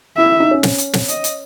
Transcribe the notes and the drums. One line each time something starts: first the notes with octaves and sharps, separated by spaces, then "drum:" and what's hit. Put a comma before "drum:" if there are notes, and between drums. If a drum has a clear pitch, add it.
E4 E5
E4
D#4
C#4
drum: snare
drum: hi-hat
drum: snare
D#5, drum: hi-hat
drum: hi-hat